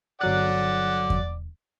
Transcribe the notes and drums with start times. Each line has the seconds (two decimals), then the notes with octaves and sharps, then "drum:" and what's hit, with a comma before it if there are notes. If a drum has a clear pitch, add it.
0.21 G1 F#3 D5 F#5 D6 F#6
1.10 drum: kick E2